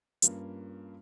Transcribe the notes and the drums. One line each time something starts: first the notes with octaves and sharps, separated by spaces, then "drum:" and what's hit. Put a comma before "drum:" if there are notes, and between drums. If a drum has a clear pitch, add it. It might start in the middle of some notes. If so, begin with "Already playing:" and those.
G2 A#3 C#4 F4, drum: hi-hat